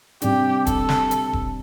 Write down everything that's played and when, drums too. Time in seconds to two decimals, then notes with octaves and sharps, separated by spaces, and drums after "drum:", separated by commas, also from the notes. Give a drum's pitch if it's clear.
0.22 C3 G3 D4 G4, drum: hi-hat
0.67 A4, drum: kick E1, hi-hat
0.89 drum: snare
1.11 drum: hi-hat
1.33 drum: kick E1